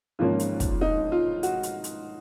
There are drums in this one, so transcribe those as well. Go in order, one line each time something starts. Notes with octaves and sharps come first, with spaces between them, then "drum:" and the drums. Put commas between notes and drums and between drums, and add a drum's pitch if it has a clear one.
G#1 G#2 F3 A#3 C#4 F4
drum: hi-hat
drum: kick, hi-hat
D#4
F4
F#4, drum: hi-hat
drum: hi-hat
drum: hi-hat